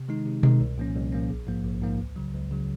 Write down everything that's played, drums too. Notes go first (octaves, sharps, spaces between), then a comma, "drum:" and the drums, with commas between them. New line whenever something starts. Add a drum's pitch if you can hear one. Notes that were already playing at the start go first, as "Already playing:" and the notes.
Already playing: C3
D#3 G#3 D#4
C3
D#3 G#3 D#4, drum: tom B2
C2
A#2 F3 A#3 C#4
C2
A#2 F3 A#3 C#4
A#1
G#2 F3 A#3
A#1
G#2 F3 A#3
C#2
C#3 F#3
C#2
C#3 F#3